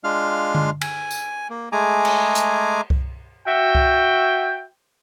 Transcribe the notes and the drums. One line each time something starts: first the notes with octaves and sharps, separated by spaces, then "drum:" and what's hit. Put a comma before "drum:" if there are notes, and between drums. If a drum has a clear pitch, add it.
G#3 D4 F4 F5 F6
drum: tom D3
G#5, drum: cymbal
drum: tambourine
A#3
G#3 A3 G#4 G#5 A#5 D6
drum: cymbal
drum: hi-hat
drum: kick C2
F#4 E5 G5
drum: kick C2